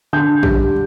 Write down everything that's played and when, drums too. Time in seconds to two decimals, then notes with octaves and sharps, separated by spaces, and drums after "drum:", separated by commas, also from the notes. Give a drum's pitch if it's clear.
0.13 D3 G6
0.43 G3, drum: kick